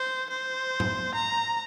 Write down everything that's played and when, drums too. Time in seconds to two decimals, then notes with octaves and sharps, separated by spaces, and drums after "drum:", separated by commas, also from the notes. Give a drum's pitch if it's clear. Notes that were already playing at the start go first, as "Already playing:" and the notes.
Already playing: C5
0.30 C5
0.80 drum: tom G#2
1.15 A#5